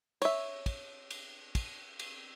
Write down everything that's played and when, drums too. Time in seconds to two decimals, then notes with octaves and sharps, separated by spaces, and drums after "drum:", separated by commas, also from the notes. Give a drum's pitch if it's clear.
0.22 C#5 E5, drum: cymbal
0.66 drum: kick, cymbal
1.11 drum: cymbal
1.55 drum: kick, cymbal
1.99 drum: cymbal